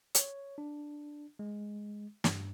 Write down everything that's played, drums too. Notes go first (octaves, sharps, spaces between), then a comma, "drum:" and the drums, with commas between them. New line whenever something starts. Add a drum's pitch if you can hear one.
C#5, drum: hi-hat
D4
G#3
G2, drum: snare